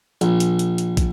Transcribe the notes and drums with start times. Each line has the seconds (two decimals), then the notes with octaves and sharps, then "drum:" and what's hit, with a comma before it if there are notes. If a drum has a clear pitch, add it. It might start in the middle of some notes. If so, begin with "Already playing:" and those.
0.21 A#1, drum: hi-hat
0.40 drum: hi-hat
0.59 drum: hi-hat
0.78 drum: hi-hat
0.97 drum: kick, hi-hat